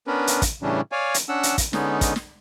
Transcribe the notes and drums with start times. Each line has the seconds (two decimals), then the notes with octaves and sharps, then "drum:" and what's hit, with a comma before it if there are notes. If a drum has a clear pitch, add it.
0.07 B3 C#4 D4 A#4 B4
0.27 drum: hi-hat
0.42 drum: kick, hi-hat
0.62 A2 C#3 E3 G3 C#4 D4
0.92 C#5 D5 F5 G#5
1.14 drum: hi-hat
1.29 C#4 D4 F#5 E6
1.43 drum: hi-hat
1.58 drum: kick, hi-hat
1.73 D3 G#3 B3 C#4 D#4, drum: snare
2.01 drum: kick, hi-hat
2.16 drum: snare